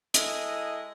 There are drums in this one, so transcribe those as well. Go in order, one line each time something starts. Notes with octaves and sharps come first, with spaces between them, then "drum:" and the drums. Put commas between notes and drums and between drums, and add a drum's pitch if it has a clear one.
G#3 E4 A4 D#5, drum: hi-hat